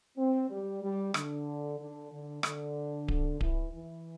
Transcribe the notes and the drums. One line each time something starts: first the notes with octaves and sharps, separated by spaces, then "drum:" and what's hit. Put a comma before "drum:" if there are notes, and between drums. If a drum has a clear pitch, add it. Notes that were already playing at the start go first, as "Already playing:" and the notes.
C4
G3
G3
D3, drum: rim click
D3
D3
D3, drum: rim click
drum: kick D1
E3, drum: kick D1
E3